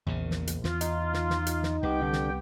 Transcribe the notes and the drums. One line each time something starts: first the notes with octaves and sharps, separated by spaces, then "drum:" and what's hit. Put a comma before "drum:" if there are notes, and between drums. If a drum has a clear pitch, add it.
A#1 E2 A#2 C#3
drum: snare
drum: hi-hat
E2 F4, drum: snare
D#4, drum: hi-hat
drum: snare
drum: snare
drum: hi-hat
drum: snare
C2 B3 G4 G5
D3
drum: snare